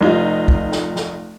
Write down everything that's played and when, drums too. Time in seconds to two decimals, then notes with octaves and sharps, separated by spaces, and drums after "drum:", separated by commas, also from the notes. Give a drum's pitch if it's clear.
0.01 F1 D#4 F4
0.48 drum: kick
0.72 drum: snare
0.96 drum: snare